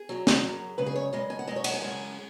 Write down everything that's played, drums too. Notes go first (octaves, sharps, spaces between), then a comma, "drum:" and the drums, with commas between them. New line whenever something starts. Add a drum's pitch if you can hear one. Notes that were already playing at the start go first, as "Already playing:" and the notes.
Already playing: G#4
F#2 F#3
drum: snare
F#2 F#3
F#2 C#3 G#3 B4
G#4
C#5
F#2 C#3 G#3 D#5
G#5
F#5
F#2 C#3 G#3 D#5
C#5
F#5, drum: cymbal
G#5
F#2 C#3 G#3